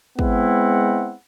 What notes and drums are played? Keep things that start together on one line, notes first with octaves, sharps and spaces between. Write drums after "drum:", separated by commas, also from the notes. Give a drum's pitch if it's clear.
G#3 B3 C4 E4 F#5, drum: kick